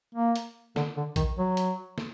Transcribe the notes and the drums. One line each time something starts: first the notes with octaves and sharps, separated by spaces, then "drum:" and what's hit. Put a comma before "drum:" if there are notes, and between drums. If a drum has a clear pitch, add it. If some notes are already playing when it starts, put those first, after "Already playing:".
A#3
drum: hi-hat
D3, drum: snare
D3
D#3, drum: kick A#1, hi-hat
F#3
drum: hi-hat
drum: snare